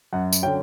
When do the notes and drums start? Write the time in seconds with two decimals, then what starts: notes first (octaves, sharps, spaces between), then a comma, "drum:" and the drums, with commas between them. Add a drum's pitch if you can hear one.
0.13 F#2 F#5
0.33 drum: tambourine
0.42 D3 F#3 C#4 G5